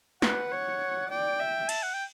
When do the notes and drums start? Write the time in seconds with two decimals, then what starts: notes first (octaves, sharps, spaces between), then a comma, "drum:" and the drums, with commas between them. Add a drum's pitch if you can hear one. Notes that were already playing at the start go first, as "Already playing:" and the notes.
0.22 B4 F#5, drum: snare
0.51 C#5
1.10 D5 G5
1.39 E5
1.69 A5, drum: cymbal
1.83 F#5
1.94 G5